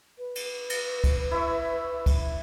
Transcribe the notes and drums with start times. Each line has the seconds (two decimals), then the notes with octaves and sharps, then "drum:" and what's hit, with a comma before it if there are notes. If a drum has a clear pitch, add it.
0.18 B4
0.35 drum: cymbal
0.70 drum: cymbal
1.04 drum: kick, cymbal
1.31 E4 E5 C#6
2.06 drum: kick, cymbal